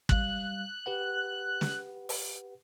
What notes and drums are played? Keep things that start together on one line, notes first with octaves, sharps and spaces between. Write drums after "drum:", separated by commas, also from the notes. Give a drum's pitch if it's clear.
G3 F5 F#6, drum: kick
G4 B4 F#5
drum: snare
drum: open hi-hat